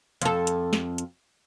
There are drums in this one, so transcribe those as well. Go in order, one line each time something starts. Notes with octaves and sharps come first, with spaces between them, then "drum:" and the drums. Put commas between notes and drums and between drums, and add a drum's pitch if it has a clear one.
F2 A4, drum: hi-hat
drum: hi-hat
drum: snare
drum: hi-hat